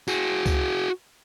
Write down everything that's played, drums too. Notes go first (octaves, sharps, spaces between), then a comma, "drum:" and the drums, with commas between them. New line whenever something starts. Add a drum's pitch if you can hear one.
F#4 G#4, drum: tambourine
drum: kick C#2, tambourine